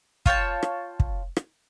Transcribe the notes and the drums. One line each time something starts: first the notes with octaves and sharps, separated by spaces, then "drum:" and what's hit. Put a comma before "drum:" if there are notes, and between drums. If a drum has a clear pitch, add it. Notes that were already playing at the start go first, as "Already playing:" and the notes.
F4 C#5 G5 A5, drum: kick
drum: rim click
drum: kick
drum: rim click